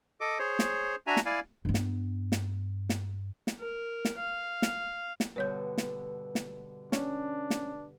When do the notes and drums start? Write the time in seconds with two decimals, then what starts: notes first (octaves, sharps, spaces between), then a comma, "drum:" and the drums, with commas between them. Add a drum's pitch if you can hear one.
0.21 A4 D#5 D6
0.39 G#4 C5 C#5
0.59 drum: snare
1.07 D4 F#4 E5 G#5 A#5
1.17 drum: snare
1.26 E4 D5 F5 G#5
1.65 G2 B3
1.74 drum: snare
2.32 drum: snare
2.89 drum: snare
3.47 drum: snare
3.60 A#4
4.05 drum: snare
4.18 F5
4.62 drum: snare
5.20 drum: snare
5.36 G2 B2 D3 B4 C#5 G6
5.78 drum: snare
6.35 drum: snare
6.92 C#4 D4, drum: snare
7.50 drum: snare